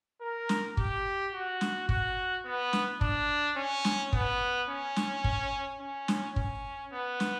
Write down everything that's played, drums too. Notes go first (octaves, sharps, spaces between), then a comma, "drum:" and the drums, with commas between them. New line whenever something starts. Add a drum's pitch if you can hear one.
A#4
drum: snare
G4, drum: kick
F#4
drum: snare
F#4, drum: kick
B3
drum: snare
D4, drum: kick
C#4
drum: snare
B3, drum: kick
C#4
drum: snare
drum: kick
C#4
drum: snare
C#4, drum: kick
B3
drum: snare